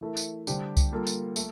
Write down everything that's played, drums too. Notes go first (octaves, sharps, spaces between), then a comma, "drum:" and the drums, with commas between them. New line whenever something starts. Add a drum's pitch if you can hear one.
E3 A3 E4 A#4
drum: tambourine
D3 G3 D4 G4 C5, drum: tambourine
drum: kick C2, tambourine
G3 A#3 F4 A4
drum: tambourine
A3, drum: tambourine